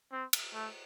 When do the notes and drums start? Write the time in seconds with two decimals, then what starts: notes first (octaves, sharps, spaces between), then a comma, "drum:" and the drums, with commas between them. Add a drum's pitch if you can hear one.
0.12 C4
0.33 drum: cymbal
0.54 A3